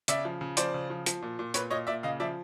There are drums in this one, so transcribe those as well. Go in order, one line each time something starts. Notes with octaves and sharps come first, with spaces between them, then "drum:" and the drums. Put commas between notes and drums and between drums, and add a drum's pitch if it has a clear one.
C#3 D5 E5, drum: hi-hat
F3
C#3
F3 C5 D5, drum: hi-hat
C#3
F3
F3, drum: hi-hat
A#2
A#2
A#2 B4 C#5, drum: hi-hat
A#2 C#5 D#5
A#2 D5 E5
C#3 D#5 F5
F3 D5 E5